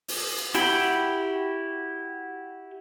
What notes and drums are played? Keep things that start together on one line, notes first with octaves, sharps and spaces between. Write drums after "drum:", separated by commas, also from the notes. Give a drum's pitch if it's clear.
drum: open hi-hat
drum: cymbal
E4 F#4 G4 G5 B5, drum: hi-hat